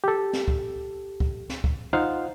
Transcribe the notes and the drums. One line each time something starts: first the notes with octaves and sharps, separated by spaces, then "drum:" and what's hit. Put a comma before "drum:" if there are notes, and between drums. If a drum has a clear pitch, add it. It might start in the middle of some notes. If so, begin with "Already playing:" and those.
G4 A4
drum: snare
drum: kick
drum: kick
drum: snare
drum: kick
D#4 F4 C5 F5 F#5